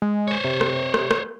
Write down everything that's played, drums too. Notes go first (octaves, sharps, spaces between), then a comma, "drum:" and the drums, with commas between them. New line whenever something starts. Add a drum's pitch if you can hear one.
G#3
C5 C#5
C3
drum: rim click
drum: rim click
drum: rim click